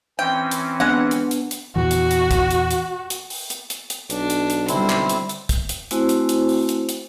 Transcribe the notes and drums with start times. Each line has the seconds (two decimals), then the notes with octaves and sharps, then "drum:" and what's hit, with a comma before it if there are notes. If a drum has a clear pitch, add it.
0.19 E3 C4 C#4 G5
0.51 drum: hi-hat
0.80 G#3 B3 D4 F#5
1.11 drum: hi-hat
1.31 drum: hi-hat
1.51 drum: hi-hat
1.76 E2 A#2 E3 F#4
1.91 drum: hi-hat
2.11 drum: hi-hat
2.31 drum: kick, hi-hat
2.51 drum: hi-hat
2.71 drum: hi-hat
3.10 drum: hi-hat
3.30 drum: open hi-hat
3.50 drum: hi-hat
3.70 drum: hi-hat
3.90 drum: hi-hat
4.10 B1 D4, drum: hi-hat
4.30 drum: hi-hat
4.50 drum: hi-hat
4.69 D3 G3 C4 E4 C5, drum: hi-hat
4.90 drum: clap
5.09 drum: hi-hat
5.29 drum: hi-hat
5.49 drum: kick, hi-hat
5.69 drum: hi-hat
5.91 A3 C4 E4 F#4 C5 G#5, drum: hi-hat
6.09 drum: hi-hat
6.29 drum: hi-hat
6.49 drum: open hi-hat
6.69 drum: hi-hat
6.89 drum: hi-hat